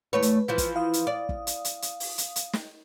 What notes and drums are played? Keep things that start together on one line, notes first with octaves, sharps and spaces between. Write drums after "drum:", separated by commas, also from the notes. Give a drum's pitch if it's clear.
E2 A3 B4 C#5
drum: hi-hat
E3 F3 E4
drum: kick, hi-hat
F5 D#6
drum: hi-hat
D5
drum: kick
drum: hi-hat
drum: hi-hat
drum: hi-hat
drum: open hi-hat
drum: hi-hat
drum: hi-hat
drum: snare